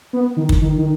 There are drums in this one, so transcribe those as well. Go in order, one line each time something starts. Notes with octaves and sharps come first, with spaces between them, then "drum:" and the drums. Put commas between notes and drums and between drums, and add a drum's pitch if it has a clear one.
B3
D#3
drum: kick
D#3
D#3